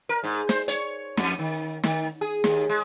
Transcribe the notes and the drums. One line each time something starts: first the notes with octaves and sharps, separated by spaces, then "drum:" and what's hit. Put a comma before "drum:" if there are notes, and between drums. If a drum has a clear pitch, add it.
A#4
G#2
C5, drum: snare
C#5, drum: hi-hat
F2, drum: snare
D#3
D#3, drum: snare
G#4
D#2, drum: snare
G#3